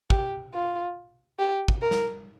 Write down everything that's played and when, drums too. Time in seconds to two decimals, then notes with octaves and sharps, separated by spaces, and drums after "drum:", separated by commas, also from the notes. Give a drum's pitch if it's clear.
0.10 G4, drum: kick
0.54 F4
1.39 G4
1.68 drum: kick
1.82 A#4
1.91 drum: snare